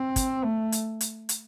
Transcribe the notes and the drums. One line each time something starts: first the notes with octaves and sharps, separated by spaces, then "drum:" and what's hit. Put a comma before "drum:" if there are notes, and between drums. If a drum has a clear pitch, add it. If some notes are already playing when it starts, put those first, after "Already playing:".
Already playing: C4
drum: kick, hi-hat
A3
drum: hi-hat
drum: hi-hat
drum: hi-hat